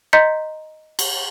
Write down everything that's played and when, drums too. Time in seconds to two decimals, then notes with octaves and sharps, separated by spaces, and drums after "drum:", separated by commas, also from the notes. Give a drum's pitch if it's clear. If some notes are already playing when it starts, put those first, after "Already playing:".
0.13 D#5 A#5 C6 G6 B6 C#7
0.99 drum: cymbal